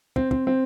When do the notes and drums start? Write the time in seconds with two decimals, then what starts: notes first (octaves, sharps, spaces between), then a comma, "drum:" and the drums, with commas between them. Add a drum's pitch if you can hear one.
0.16 C4, drum: kick
0.31 C4, drum: kick
0.47 C4